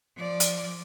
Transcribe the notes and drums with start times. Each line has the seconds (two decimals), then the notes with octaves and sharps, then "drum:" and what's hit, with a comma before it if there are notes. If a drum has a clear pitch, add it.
0.16 F3 D5
0.40 drum: hi-hat